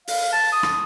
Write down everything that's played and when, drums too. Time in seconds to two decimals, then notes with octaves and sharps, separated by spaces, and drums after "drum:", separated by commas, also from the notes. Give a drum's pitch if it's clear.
0.08 F5, drum: open hi-hat
0.33 A5
0.52 D#6
0.63 drum: rim click